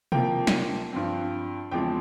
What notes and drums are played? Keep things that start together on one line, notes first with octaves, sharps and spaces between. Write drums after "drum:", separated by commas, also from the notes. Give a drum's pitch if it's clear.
C3 F3 A#3 G5, drum: tom
drum: snare
G2 F3 C4
E2 C#3 F3 G#3 C4 G5